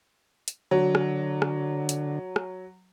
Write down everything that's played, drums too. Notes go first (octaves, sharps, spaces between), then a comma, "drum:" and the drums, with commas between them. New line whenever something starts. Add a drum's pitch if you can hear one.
drum: hi-hat
D3 F#3
drum: rim click
drum: rim click
drum: hi-hat
drum: rim click